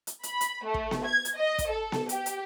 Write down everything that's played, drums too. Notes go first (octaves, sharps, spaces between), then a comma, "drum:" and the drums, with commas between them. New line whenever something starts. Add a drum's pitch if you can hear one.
drum: hi-hat
B5, drum: hi-hat
drum: hi-hat
A3
drum: kick
drum: snare B3
G#6
drum: hi-hat
D#5
drum: kick, hi-hat
A4
drum: snare B3
G4, drum: hi-hat
drum: hi-hat